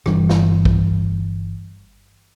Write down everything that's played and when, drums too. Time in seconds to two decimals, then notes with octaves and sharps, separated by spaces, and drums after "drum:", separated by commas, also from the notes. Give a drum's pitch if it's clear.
0.06 G1 G2 E3 G3, drum: rim click
0.29 drum: snare
0.65 drum: kick